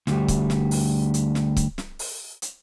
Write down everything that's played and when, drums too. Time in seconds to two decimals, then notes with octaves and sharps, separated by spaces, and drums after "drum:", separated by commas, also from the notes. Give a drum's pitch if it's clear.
0.07 D2 G3, drum: snare
0.28 drum: kick C#1, hi-hat
0.50 drum: snare
0.71 drum: open hi-hat
1.14 drum: hi-hat
1.35 drum: snare
1.57 drum: kick C#1, hi-hat
1.78 drum: snare
1.99 drum: open hi-hat
2.42 drum: hi-hat